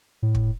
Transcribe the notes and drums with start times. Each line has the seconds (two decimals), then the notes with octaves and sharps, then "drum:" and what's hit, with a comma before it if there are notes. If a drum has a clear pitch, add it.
0.22 A2
0.35 drum: kick